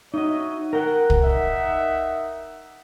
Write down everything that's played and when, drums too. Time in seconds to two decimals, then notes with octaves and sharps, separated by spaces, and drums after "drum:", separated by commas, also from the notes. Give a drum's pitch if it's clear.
0.14 D#4 F#4 C#5 D#5 E5
0.73 A#4 F#5 G5
1.10 drum: kick
1.23 D#4 E5 F#5